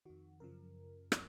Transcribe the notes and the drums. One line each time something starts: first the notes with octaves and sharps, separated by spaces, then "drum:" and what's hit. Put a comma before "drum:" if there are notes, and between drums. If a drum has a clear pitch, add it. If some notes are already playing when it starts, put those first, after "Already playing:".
F2 D#3 F#4
F#2 C#3 F3 A#4
drum: rim click